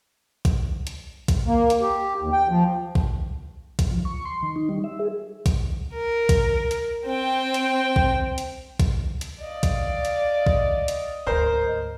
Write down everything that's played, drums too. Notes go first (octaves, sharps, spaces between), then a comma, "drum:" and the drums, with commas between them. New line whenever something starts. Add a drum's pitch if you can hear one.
drum: kick A#1, hi-hat
drum: hi-hat
drum: kick A#1, hi-hat
A#3
drum: hi-hat
G4
D#2
G5
F3
drum: kick A#1
drum: kick A#1, hi-hat
F3
C#6
C6
D#3
D#4
G3
E5
G#4
drum: kick A#1, hi-hat
A#4
drum: kick A#1, hi-hat
drum: hi-hat
C4 G5
drum: hi-hat
drum: kick A#1
drum: hi-hat
drum: kick A#1, hi-hat
drum: hi-hat
D5 D#5 F5
drum: kick A#1, hi-hat
drum: hi-hat
drum: kick A#1
drum: hi-hat
D2 G#2 A#4 C5